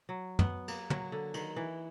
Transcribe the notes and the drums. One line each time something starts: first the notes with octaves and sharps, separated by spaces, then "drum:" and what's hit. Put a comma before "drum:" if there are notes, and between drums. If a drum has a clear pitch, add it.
F#3
B3, drum: tom
A#3, drum: cymbal
F#3, drum: tom
D3
D#3, drum: cymbal
E3